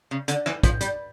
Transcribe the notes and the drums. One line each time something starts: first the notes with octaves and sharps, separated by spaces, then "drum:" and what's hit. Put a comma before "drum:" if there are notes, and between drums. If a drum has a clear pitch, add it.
C#3
D3, drum: hi-hat
E3, drum: rim click
F3, drum: kick, hi-hat
G3, drum: hi-hat